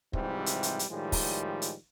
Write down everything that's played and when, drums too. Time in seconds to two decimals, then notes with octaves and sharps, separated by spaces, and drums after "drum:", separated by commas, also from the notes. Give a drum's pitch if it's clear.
0.13 G#2 C3 E3 F3 G3, drum: kick
0.46 drum: hi-hat
0.63 drum: hi-hat
0.79 drum: hi-hat
0.90 A2 D#3 F3 G3 G#3
1.12 drum: kick, open hi-hat
1.62 drum: hi-hat